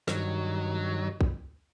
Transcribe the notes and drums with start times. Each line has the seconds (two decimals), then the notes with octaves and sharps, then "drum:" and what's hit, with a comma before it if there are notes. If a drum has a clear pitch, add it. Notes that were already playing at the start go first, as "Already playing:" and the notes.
0.08 G2 D#3 F#3, drum: snare
1.21 drum: kick